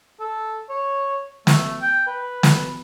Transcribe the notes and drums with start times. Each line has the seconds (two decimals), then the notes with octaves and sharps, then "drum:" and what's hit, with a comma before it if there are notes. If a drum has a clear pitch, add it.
0.21 A4
0.70 C#5
1.47 A3, drum: snare
1.82 G5
2.07 B4
2.43 drum: snare